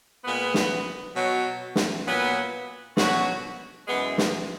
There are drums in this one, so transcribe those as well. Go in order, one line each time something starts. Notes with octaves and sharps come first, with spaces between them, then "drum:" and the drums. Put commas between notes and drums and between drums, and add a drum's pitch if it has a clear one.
A#2 G#3 B3
drum: snare
B2 F#3
drum: snare
A#2 F#3 B3
B2 F#3 F#4, drum: snare
F#2 E3 G#3 B3
drum: snare